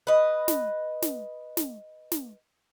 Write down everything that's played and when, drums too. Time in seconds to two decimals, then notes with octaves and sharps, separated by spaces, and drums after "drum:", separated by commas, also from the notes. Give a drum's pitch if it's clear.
0.07 B4 D#5
0.48 drum: snare
1.02 drum: snare
1.57 drum: snare
2.12 drum: snare